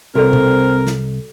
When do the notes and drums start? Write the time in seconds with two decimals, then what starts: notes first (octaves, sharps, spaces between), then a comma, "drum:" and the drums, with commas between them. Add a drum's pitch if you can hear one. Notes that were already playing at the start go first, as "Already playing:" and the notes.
0.15 C2 C4 F#4 A4 A#4 D5
0.33 drum: tom B2
0.87 drum: snare